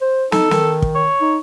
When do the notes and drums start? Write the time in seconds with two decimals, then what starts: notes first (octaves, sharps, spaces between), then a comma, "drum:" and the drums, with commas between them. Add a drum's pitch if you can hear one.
0.01 C5
0.32 D#4 A4, drum: snare
0.51 D#3, drum: snare
0.82 drum: kick
0.95 C#5
1.21 D#4